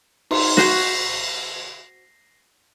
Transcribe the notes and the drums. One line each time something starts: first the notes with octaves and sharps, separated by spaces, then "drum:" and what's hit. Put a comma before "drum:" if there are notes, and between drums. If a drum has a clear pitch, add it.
D#4 C6, drum: cymbal
F#4 C5 A#6 C7, drum: snare